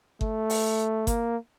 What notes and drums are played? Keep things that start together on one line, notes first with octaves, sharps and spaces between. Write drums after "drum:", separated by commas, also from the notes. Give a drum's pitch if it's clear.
A3, drum: kick G1
drum: open hi-hat
A#3, drum: kick G1, hi-hat